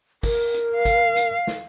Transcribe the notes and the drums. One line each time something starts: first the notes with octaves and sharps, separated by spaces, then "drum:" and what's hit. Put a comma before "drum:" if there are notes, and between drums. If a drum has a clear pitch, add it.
A#4, drum: kick, open hi-hat
drum: hi-hat
F5
drum: kick, hi-hat
drum: hi-hat
drum: snare